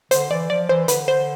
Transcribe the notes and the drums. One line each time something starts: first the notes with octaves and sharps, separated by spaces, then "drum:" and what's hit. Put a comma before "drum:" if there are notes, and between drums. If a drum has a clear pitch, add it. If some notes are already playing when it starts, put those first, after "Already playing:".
D3 C5, drum: hi-hat
E3 D5
F3 D5
E3 C5
D3 B4, drum: hi-hat
C5